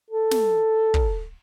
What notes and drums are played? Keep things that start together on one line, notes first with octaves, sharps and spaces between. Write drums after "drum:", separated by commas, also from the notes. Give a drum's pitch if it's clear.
A4
drum: snare
drum: kick